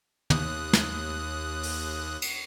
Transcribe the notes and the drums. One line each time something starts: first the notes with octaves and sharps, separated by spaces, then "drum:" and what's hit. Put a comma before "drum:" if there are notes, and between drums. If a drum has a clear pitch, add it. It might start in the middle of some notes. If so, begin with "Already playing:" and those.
D#2 D#6 F#6, drum: tom
drum: snare
drum: open hi-hat
drum: cymbal